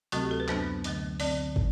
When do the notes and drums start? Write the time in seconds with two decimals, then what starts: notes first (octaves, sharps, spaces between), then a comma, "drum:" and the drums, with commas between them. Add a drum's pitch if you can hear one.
0.12 D2 C3 F#3 A3 C4 F#4, drum: hi-hat
0.21 G4
0.31 A4
0.40 B4
0.48 F#2 F#3 B3 D4 C5, drum: clap
0.84 D2 D3 F#3 A3, drum: hi-hat
1.20 D2 D3 F#3 C4 D5, drum: open hi-hat
1.56 drum: kick